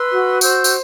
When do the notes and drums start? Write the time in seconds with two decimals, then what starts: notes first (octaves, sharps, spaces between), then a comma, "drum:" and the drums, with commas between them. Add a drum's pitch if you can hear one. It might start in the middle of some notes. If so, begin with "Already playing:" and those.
Already playing: B4 C6 E6
0.10 F#4
0.41 C5 E6 G6, drum: tambourine
0.64 drum: tambourine